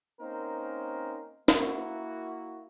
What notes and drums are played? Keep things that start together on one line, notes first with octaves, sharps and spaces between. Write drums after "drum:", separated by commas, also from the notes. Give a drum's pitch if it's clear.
A#3 C4 C#4 D#4 A#4 C5
A#3 E4 F#4, drum: snare